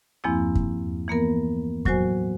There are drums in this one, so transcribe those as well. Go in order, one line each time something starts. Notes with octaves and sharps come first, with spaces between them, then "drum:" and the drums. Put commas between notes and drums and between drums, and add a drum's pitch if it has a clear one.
E2 G2 F3 A#3 C4 E4
drum: kick E2
E3 A#3 B3 A#4
A2 F#3 F#4 C5 G#5, drum: kick E2